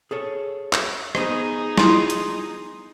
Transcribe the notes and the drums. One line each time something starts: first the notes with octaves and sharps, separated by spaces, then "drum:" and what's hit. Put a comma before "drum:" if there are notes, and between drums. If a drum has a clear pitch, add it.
G#4 A4 C#5
drum: clap
B3 D#4 G#4 C5 D#5, drum: rim click
E4 F4 C6, drum: snare
drum: hi-hat